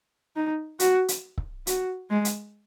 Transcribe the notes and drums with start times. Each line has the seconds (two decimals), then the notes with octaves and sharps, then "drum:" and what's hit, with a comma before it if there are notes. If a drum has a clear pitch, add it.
0.36 D#4
0.80 F#4, drum: hi-hat
1.08 drum: hi-hat
1.38 drum: kick C#1
1.67 F#4, drum: hi-hat
2.10 G#3
2.25 drum: hi-hat